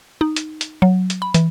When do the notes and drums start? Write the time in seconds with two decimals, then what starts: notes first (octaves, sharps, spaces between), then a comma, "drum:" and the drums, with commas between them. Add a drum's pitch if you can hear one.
0.21 D#4
0.36 drum: hi-hat
0.61 drum: hi-hat
0.82 F#3
1.10 drum: hi-hat
1.22 B5
1.34 E3, drum: hi-hat